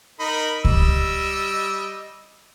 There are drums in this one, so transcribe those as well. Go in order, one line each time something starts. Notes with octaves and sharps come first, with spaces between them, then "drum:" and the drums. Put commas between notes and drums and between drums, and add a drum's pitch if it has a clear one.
D#4 A#4 B5
G3 D#5 E6, drum: kick C#2